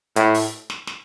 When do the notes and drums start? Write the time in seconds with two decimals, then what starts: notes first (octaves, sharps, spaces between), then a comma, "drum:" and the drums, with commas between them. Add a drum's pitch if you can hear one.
0.16 A2, drum: hi-hat
0.34 drum: open hi-hat
0.70 drum: snare
0.87 drum: snare